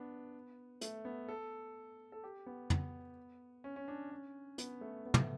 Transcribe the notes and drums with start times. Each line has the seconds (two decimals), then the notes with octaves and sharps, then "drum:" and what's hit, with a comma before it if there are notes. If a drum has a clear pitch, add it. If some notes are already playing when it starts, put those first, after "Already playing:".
Already playing: B3 D4
0.81 A3, drum: hi-hat
1.05 B3
1.29 A4
2.12 A4
2.24 G4
2.46 B3
2.70 B3, drum: tom
3.64 C#4
3.76 C#4
3.88 D4
4.11 C#4
4.58 B3, drum: hi-hat
4.81 A3
5.06 B3
5.14 A3, drum: tom